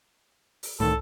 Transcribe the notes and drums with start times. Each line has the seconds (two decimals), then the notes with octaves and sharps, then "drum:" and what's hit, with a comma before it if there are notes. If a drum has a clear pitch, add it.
0.63 drum: open hi-hat
0.80 A2 D#3 A4, drum: tom